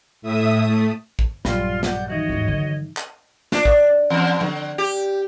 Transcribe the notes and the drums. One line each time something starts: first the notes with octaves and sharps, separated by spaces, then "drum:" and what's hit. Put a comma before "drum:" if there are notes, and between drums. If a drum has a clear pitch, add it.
A2 E5 D#6
A3
drum: kick
A#1 G2 F#3 G3 F4 D5 C6, drum: snare
D5 F#5 G6, drum: snare
D#3 E3 D#4 F#4 C#5 D#5
D#2 G#2
D3 F#3
drum: clap
D4, drum: snare
drum: kick
E2
D3, drum: tom F3
G4